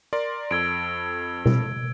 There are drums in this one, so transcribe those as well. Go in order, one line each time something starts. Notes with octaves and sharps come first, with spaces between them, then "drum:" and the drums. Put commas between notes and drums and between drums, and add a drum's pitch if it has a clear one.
A#4 D5 C6
F2 A4 E6 G#6 D7
drum: tom B2